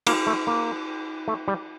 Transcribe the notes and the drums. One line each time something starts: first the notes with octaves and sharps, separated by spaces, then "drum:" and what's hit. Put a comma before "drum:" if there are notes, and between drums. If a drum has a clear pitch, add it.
A#3, drum: cymbal
A3
A#3
A3
G3